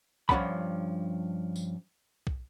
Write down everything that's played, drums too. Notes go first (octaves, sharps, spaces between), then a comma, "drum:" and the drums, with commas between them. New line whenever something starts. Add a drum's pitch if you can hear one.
G2 F3 C#4 D5 F#5 B5, drum: kick
drum: tambourine
drum: kick